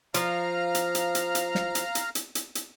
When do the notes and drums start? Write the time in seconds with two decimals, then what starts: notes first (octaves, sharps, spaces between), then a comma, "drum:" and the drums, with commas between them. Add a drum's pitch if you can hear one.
0.14 F3 F5 A#5 F6, drum: hi-hat
0.75 drum: hi-hat
0.95 drum: hi-hat
1.15 drum: hi-hat
1.35 drum: hi-hat
1.55 drum: snare
1.75 drum: hi-hat
1.95 drum: hi-hat
2.15 drum: hi-hat
2.35 drum: hi-hat
2.55 drum: hi-hat